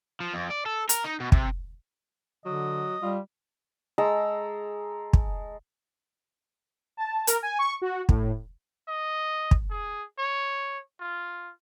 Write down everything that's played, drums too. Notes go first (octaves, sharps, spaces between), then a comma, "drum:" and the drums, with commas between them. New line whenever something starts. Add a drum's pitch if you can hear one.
F3
F2
D5
A4
A#4, drum: hi-hat
D#4
B2
C3, drum: kick
D3 F#3 D#5
G3 F4
G#3 A4 A#5 E6
drum: kick
A5
A#4, drum: hi-hat
G#5
C#6
F#4
A2, drum: kick
D#5
drum: kick
G#4
C#5
F4